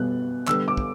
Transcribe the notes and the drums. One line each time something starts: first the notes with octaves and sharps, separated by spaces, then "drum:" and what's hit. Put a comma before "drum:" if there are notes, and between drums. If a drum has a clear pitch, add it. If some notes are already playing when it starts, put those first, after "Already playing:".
Already playing: B2 G3 B3 F#6
D3 G3 B3 E6, drum: clap
D6
drum: kick